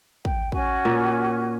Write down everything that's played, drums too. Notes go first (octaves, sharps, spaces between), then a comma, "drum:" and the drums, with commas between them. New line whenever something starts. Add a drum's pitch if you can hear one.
G5, drum: kick
C#4 F#4 G#5, drum: kick
A#2